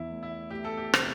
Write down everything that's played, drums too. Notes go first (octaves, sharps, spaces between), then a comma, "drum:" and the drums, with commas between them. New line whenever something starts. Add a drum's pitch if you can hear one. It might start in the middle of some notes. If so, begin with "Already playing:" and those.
Already playing: E2 E4
A3
E4
A3 G4
A4
G4
C3 C5, drum: rim click